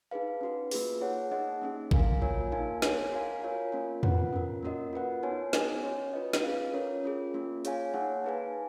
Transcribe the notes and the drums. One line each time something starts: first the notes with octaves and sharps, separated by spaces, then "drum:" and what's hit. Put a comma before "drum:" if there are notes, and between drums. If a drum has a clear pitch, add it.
D#4 G#4 B4 F5
C#4 F#4 B4
A#3 F4 G#4 B4, drum: open hi-hat
D#4 G#4 C#5 F#5
A#3 D#4 G#4 D#5 F#5
A#3 C#4 G#4
F#4 A#4 F5 G#5, drum: kick A1
A#3 F4 A#4 C#5 G#5
A#3 D#4 A#4 F5 G#5
G#4 C#5 G#5, drum: snare
F#4 A#4 F5 G#5
F4 A#4 C#5 F5 G#5
A#3 C#4 F4
F4 B4 F#5, drum: tom E2
C#4 F4 A#4
A#3 C#4 F#4 A#4 D#5
F4 B4 F#5
B3 D#4 F#4 C#5 G#5
G#4 D#5 G#5, drum: snare
C#4 F#4 C#5
F4 B4 D#5
drum: snare
C#4 G#4 B4 F5
C#4 F4 A#4 C#5
C#4 F4 G#4
A#3 C#4 F4
G#4 C#5 F5 G#5, drum: hi-hat
A#3 D#4 G#4 C#5 F#5
D#4 G#4 B4 F5 G#5